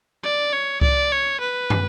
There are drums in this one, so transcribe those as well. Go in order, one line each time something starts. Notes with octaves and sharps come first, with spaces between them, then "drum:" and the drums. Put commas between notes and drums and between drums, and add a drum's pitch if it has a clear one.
D5
C#5
D5, drum: kick C2
C#5
B4
drum: tom